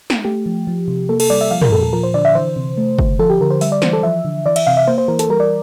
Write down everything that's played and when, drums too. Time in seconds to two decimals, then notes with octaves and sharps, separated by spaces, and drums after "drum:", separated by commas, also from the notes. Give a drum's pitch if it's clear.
0.10 drum: snare
0.25 A3 G4
0.46 F3
0.67 F3
0.88 C3
1.09 A#3 A4
1.20 A4, drum: cymbal
1.30 G3 D5
1.41 E5
1.51 F3 F5
1.62 A#4, drum: tom
1.72 A#2 A4
1.82 A4
1.93 F3 A#4
2.03 C5
2.14 D3 D5
2.25 E5
2.35 E3 C5
2.56 C3
2.77 A3
2.99 D3, drum: kick
3.19 F3 A4
3.30 G4
3.40 D3 A#4
3.51 C5
3.61 G3 E5, drum: open hi-hat
3.72 D5
3.82 E3 C5, drum: snare
3.93 A4
4.03 F3 E5
4.25 D3
4.46 E3 D5
4.56 E5, drum: cymbal
4.67 C3 F5
4.77 E5
4.87 A#3 C5
4.98 C5
5.08 E3 A#4
5.19 A4, drum: hi-hat
5.29 G3 A#4
5.40 D5